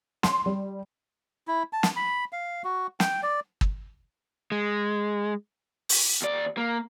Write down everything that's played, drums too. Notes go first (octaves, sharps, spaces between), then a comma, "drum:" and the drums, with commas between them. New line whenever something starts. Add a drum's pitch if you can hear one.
C6, drum: snare
G3
E4
A5
drum: snare
B5
F5
F#4
G5, drum: snare
D5
drum: kick
G#3
drum: open hi-hat
D#2 D5
A#3